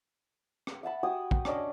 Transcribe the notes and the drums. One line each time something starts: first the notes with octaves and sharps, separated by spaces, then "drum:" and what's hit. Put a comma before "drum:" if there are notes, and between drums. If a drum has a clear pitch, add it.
drum: rim click
E5 F#5 A5 B5
F#4 G4 G#5 D#6
drum: kick
C#4 D4 D5 D#5, drum: rim click